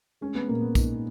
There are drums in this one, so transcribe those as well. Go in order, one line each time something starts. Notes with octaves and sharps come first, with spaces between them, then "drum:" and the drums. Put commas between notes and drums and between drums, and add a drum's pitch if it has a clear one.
G#3 C#4
B3
A#2 A#3
B3
D#4, drum: kick, tambourine